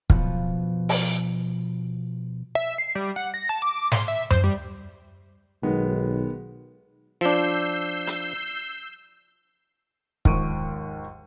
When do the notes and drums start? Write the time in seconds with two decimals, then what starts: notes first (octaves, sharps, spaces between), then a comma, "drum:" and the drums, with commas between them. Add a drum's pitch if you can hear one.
0.10 B2 F3 B3, drum: kick
0.89 drum: open hi-hat
2.55 E5
2.78 C7
2.95 G3
3.16 F#5
3.34 A#6
3.49 A5
3.62 D6
3.92 C6, drum: snare
4.08 E5
4.30 C5, drum: tom F#2
4.44 G3
5.63 B1 D#3 G#3 B3
7.21 F3 D4 E6 G6 C7
8.07 drum: hi-hat
10.25 D#2 G#2 F3 C#6 D7 D#7, drum: kick